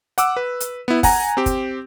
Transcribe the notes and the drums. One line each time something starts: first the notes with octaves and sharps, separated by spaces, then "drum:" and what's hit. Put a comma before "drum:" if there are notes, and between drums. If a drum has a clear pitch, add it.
F#5 D6 E6, drum: hi-hat
B4
drum: hi-hat
B3 E4
F#5 G#5 A#5, drum: kick, open hi-hat
C4 G4
drum: kick, hi-hat